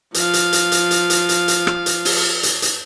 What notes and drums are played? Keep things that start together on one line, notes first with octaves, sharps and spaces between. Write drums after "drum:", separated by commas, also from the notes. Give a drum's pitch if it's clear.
F3 F5, drum: hi-hat
drum: hi-hat
drum: hi-hat
drum: hi-hat
drum: hi-hat
drum: hi-hat
drum: hi-hat
drum: hi-hat
drum: rim click
drum: hi-hat
drum: open hi-hat
drum: hi-hat
drum: hi-hat